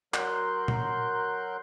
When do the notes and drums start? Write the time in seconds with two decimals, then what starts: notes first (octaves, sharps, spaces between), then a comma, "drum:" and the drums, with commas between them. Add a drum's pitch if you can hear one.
0.14 F#3 A#4 C6 F#6 G6, drum: clap
0.68 drum: tom A#2